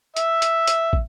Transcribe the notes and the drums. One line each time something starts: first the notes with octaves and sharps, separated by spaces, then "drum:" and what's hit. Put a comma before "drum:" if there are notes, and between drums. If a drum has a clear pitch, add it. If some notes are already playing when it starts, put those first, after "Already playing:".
E5, drum: hi-hat
drum: hi-hat
drum: hi-hat
drum: kick